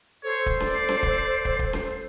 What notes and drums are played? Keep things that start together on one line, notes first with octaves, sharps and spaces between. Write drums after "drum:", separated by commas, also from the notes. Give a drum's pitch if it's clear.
A4 C5 C#5
drum: kick
D5, drum: snare C#4
drum: snare C#4
drum: kick
drum: kick
drum: kick
drum: snare C#4